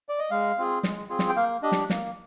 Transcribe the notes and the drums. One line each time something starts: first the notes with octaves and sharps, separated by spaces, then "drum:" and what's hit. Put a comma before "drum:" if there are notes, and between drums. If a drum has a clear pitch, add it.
D5
D#5
G#3 F5
C4 F4 G#4
G#3, drum: snare
C4 F4 G#4
drum: snare
G5
A#3 F5
D4 G4 D#5
drum: snare
A#3, drum: snare